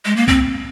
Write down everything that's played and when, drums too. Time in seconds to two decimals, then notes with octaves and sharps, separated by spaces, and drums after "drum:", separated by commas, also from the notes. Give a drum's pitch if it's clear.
0.05 G#3
0.16 A#3
0.28 C4, drum: kick C2